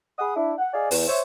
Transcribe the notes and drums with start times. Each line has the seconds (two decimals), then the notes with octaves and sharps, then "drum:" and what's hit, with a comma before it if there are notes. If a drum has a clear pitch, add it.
0.19 G#4 F#5 B5 D#6
0.36 D4 E4
0.58 F#5
0.74 G#4 D5 D#5 F5 G#5
0.91 E2, drum: open hi-hat
1.08 C5 C#5 E5